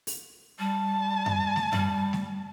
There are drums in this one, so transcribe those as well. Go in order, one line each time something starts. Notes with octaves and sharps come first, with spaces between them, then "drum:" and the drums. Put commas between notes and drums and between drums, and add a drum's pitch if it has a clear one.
drum: open hi-hat
G3 A5
drum: tom F#2
drum: snare
G3, drum: tom F#2
drum: snare